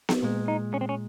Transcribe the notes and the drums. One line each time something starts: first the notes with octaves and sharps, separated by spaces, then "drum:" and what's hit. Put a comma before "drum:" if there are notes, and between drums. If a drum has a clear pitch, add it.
drum: snare B3
A#2 G#3
D#4
C#4
C4
C#4